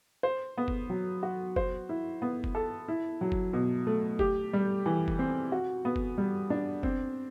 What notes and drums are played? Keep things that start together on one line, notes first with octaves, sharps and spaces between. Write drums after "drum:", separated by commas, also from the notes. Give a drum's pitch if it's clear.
C5
B3
drum: kick F#1
F#3
F#4
C5, drum: kick F#1
E4
B3
drum: kick F#1
A4
E4
F#3
drum: kick F#1
B2
A3
G4, drum: kick F#1
G3
E3
drum: kick F#1
C4
F#4
B3
drum: kick F#1
G3
D4
C4, drum: kick F#1